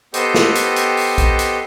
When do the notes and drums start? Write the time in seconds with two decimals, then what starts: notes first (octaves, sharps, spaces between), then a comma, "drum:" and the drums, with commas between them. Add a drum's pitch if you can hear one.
0.14 B3 G4 A4 C5 D#5 G5, drum: hi-hat
0.35 drum: snare
0.55 drum: hi-hat
0.76 drum: hi-hat
0.97 drum: open hi-hat
1.18 drum: kick, hi-hat
1.39 drum: hi-hat